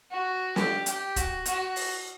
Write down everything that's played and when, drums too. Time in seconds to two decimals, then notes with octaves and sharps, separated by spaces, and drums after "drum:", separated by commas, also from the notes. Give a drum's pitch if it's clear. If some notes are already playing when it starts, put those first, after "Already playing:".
0.11 F#4
0.56 G4, drum: snare
0.86 G4, drum: hi-hat
1.16 F#4, drum: kick, hi-hat
1.46 F#4, drum: hi-hat
1.76 drum: open hi-hat